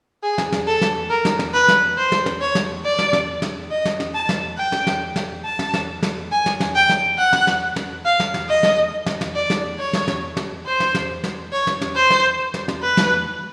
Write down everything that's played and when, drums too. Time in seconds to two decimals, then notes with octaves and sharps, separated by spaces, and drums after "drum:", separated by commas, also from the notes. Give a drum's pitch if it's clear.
0.23 G#4
0.38 drum: snare
0.53 drum: snare
0.67 A4
0.81 drum: snare
1.10 A#4
1.25 drum: snare
1.39 drum: snare
1.54 B4
1.68 drum: snare
1.97 C5
2.12 drum: snare
2.26 drum: snare
2.41 C#5
2.55 drum: snare
2.85 D5
2.99 drum: snare
3.13 drum: snare
3.42 drum: snare
3.71 D#5
3.85 drum: snare
4.00 drum: snare
4.14 A5
4.29 drum: snare
4.58 G5
4.72 drum: snare
4.87 drum: snare
5.16 drum: snare
5.45 A5
5.59 drum: snare
5.74 drum: snare
6.03 drum: snare
6.31 G#5
6.46 drum: snare
6.60 drum: snare
6.75 G5
6.89 drum: snare
7.18 F#5
7.33 drum: snare
7.47 drum: snare
7.76 drum: snare
8.05 F5
8.20 drum: snare
8.34 drum: snare
8.49 D#5
8.63 drum: snare
9.06 drum: snare
9.21 drum: snare
9.35 D5
9.50 drum: snare
9.79 C#5
9.93 drum: snare
10.08 drum: snare
10.37 drum: snare
10.66 C5
10.80 drum: snare
10.95 drum: snare
11.24 drum: snare
11.53 C#5
11.67 drum: snare
11.81 drum: snare
11.96 C5
12.10 drum: snare
12.54 drum: snare
12.68 drum: snare
12.82 B4
12.97 drum: snare